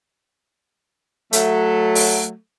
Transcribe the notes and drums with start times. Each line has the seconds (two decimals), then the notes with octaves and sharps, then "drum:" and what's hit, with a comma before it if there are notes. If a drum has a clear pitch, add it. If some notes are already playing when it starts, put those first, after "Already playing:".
1.33 F#3 A3, drum: hi-hat
1.95 drum: open hi-hat